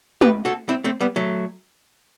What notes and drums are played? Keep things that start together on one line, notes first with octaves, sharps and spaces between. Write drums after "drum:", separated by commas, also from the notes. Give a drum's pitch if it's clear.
G4 B4, drum: tom G#3
F#4 A4
C4 E4
A3 C4
G3 B3
F#3 A3